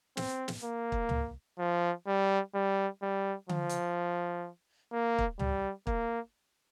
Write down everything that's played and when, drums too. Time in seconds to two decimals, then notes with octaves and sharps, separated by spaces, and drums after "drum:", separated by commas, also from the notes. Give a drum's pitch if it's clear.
0.17 C4, drum: snare
0.48 drum: snare
0.64 A#3
0.92 drum: kick
1.09 drum: tom C#2
1.59 F3
2.07 G3
2.55 G3
3.02 G3
3.49 F3, drum: tom D3
3.69 drum: hi-hat
4.92 A#3
5.19 drum: kick
5.39 G3, drum: tom C#2
5.87 A#3, drum: kick